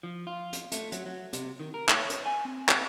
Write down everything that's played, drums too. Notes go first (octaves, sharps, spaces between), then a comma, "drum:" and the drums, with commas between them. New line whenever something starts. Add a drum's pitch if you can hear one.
F3
F4
drum: hi-hat
A3, drum: hi-hat
F#3, drum: hi-hat
F#3
C3, drum: hi-hat
D#3
A#4
C#5, drum: clap
drum: hi-hat
G#5
C4
drum: clap